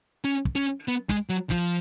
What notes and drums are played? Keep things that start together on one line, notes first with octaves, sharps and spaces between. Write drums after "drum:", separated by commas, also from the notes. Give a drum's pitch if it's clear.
C#4
drum: kick
C#4
B3
G#3, drum: snare
F#3
F3, drum: snare